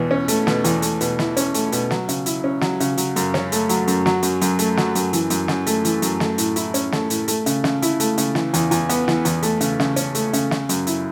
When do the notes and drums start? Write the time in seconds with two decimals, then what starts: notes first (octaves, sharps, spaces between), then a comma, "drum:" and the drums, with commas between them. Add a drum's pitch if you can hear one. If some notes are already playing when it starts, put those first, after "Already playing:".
Already playing: E2 B2
0.11 C#4
0.28 A3, drum: hi-hat
0.47 B2, drum: snare
0.64 E2, drum: hi-hat
0.82 A3, drum: hi-hat
1.01 B2, drum: hi-hat
1.19 E4, drum: snare
1.37 C#4, drum: hi-hat
1.54 A3, drum: hi-hat
1.72 B2, drum: hi-hat
1.91 F#3, drum: snare
2.09 C#3, drum: hi-hat
2.26 E4, drum: hi-hat
2.44 C#4
2.61 F#3, drum: snare
2.80 C#3, drum: hi-hat
2.97 F#3, drum: hi-hat
3.16 F#2, drum: hi-hat
3.34 C#4, drum: snare
3.52 A3, drum: hi-hat
3.69 F#3, drum: hi-hat
3.88 F#2, drum: hi-hat
4.06 F#3, drum: snare
4.23 F#2, drum: hi-hat
4.41 F#2, drum: hi-hat
4.59 A3, drum: hi-hat
4.77 F#3, drum: snare
4.95 F#2, drum: hi-hat
5.13 E3, drum: hi-hat
5.30 F#2, drum: hi-hat
5.48 F#2, drum: snare
5.67 A3, drum: hi-hat
5.85 E3, drum: hi-hat
6.02 F#2, drum: hi-hat
6.20 A3, drum: snare
6.38 A2, drum: hi-hat
6.56 E4, drum: hi-hat
6.74 C#4, drum: hi-hat
6.92 A3, drum: snare
7.10 A2, drum: hi-hat
7.28 A3, drum: hi-hat
7.46 C#3, drum: hi-hat
7.64 C#3, drum: snare
7.82 E4, drum: hi-hat
8.00 A3, drum: hi-hat
8.18 C#3, drum: hi-hat
8.35 E3, drum: snare
8.54 E2, drum: hi-hat
8.71 E2, drum: hi-hat
8.89 B3, drum: hi-hat
9.08 E3, drum: snare
9.25 E2, drum: hi-hat
9.43 A3, drum: hi-hat
9.61 C#3, drum: hi-hat
9.80 C#3, drum: snare
9.96 C#4, drum: hi-hat
10.15 A3, drum: hi-hat
10.33 C#3, drum: hi-hat
10.51 C#3, drum: snare
10.69 F#2, drum: hi-hat
10.87 E4, drum: hi-hat